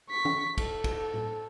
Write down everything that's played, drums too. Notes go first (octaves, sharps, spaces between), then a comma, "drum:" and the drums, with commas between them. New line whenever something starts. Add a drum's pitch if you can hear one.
C#6 B6
drum: tom
A4, drum: kick, cymbal
drum: kick, cymbal
drum: tom A2